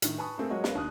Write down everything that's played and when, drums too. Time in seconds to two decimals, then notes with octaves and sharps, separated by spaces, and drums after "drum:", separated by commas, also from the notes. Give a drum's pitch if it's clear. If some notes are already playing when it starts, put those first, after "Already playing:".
0.02 A2 D#3, drum: hi-hat
0.18 B4 G#5 A5 B5 C#6 D#6
0.38 A3 A#3 C4 G#4 A4
0.50 F#3 G#3 A#3 F#4 C#5 D#5
0.64 C#4 A#4 B4 F5, drum: snare
0.75 D#2 D4 D#6 F#6